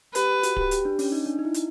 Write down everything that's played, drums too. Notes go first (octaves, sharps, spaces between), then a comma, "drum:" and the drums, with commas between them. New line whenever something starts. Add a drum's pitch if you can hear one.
G4 B4, drum: hi-hat
F#4, drum: hi-hat
G4, drum: kick D1
G4, drum: hi-hat
D4
C#4, drum: open hi-hat
D#4
D4
D#4
E4
drum: hi-hat